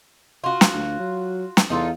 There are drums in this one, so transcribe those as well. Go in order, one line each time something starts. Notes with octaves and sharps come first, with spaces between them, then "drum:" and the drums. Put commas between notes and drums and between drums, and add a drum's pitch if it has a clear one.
F4 F#4
drum: snare
D2
F#3
drum: snare
E2 D#4 F4 A4